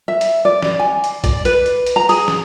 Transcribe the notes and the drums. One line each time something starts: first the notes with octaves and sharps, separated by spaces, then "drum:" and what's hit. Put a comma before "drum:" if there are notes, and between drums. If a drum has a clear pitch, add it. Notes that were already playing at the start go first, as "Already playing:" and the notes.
E5
drum: hi-hat
D5
drum: snare
G#5
drum: hi-hat
D5, drum: kick, hi-hat
B4, drum: hi-hat
drum: hi-hat
drum: hi-hat
A#5
G#4, drum: open hi-hat
drum: snare